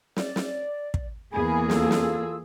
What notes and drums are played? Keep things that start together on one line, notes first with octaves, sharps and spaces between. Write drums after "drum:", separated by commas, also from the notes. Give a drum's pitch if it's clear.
D5, drum: snare
drum: snare
drum: kick
E2 A#3 G#4 G#5 B5
F4 A4 E6, drum: snare
drum: snare